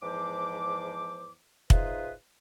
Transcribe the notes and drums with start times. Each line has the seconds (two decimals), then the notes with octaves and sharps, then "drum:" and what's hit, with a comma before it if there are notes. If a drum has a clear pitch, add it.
0.03 E2 G#2 F3 C5 D6
1.70 D#4 F4 G#4 B4 C5 E5, drum: kick